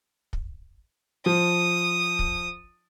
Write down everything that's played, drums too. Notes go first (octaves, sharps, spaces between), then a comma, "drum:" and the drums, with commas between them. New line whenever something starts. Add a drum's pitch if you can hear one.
drum: kick
F3 D#6
drum: kick